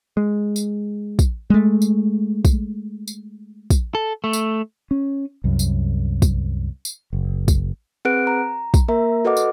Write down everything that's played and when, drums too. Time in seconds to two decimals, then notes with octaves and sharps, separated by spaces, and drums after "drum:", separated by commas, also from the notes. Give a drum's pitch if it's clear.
0.17 G#3
0.56 drum: tambourine
1.19 drum: kick, tambourine
1.50 G#3 A3
1.82 drum: tambourine
2.45 drum: kick, tambourine
3.08 drum: tambourine
3.70 drum: kick, tambourine
3.95 A4
4.24 A3
4.33 drum: tambourine
4.91 C#4
5.44 C2 F#2
5.59 drum: tambourine
6.22 drum: kick, tambourine
6.85 drum: tambourine
7.13 F#1
7.48 drum: kick, tambourine
8.05 C4 G#4 B4 F#5 F#6 D7
8.27 A#5
8.74 drum: kick, tambourine
8.88 A#3 A#4 E5 A#5
9.25 F#4 A4 B4 D#5 F#5 D6
9.37 drum: tambourine